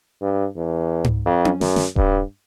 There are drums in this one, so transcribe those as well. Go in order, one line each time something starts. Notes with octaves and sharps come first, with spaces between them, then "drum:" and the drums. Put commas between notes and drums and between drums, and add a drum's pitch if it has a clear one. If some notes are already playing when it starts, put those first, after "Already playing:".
G2
E2
drum: tom G#2
F2
drum: tom C#4
F#2, drum: snare
drum: snare
G2, drum: kick D#1